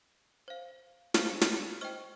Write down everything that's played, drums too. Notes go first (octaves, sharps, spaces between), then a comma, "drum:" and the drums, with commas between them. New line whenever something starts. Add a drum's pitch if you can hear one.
C5 F5
C5 F5 C#6 F6, drum: snare
drum: snare
C5 D#5 G5 C#6 F6